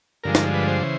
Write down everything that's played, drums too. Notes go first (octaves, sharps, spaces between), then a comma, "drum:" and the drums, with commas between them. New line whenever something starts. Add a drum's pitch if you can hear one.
G2 D3 F3 G#3 A#4
drum: snare D#4
B4
C5
C#3 E3